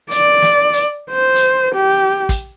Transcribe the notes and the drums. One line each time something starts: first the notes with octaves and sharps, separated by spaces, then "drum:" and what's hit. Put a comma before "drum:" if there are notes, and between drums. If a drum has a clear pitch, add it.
D5, drum: hi-hat
drum: snare
drum: hi-hat
C5
drum: hi-hat
G4
drum: kick, hi-hat